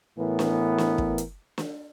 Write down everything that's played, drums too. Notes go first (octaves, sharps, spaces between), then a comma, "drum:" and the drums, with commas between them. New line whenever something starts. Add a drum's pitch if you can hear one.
A2 E3 B3 A#4
drum: snare
drum: snare
drum: kick
drum: hi-hat
drum: snare